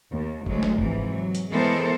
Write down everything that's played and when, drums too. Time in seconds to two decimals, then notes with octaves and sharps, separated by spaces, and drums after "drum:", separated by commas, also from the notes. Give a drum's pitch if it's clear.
0.11 D#2
0.46 D2 F#3 G#3 A3, drum: kick G1
0.63 drum: snare
0.78 G#2 C3 E3 F3, drum: kick G1
1.13 F#3
1.35 drum: hi-hat
1.50 E3 G#3 B3 A4 A#4 C5